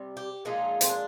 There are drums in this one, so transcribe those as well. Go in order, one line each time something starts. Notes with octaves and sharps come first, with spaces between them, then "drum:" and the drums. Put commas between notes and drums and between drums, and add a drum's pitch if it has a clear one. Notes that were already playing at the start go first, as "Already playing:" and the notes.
Already playing: C3 G3
G4
A#2 F3 G#3 D#4
C4, drum: hi-hat
D4